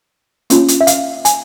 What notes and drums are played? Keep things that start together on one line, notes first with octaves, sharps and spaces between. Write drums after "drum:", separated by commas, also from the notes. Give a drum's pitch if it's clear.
A#3 C#4 F4, drum: hi-hat
drum: hi-hat
E5
F5, drum: hi-hat
G#5, drum: hi-hat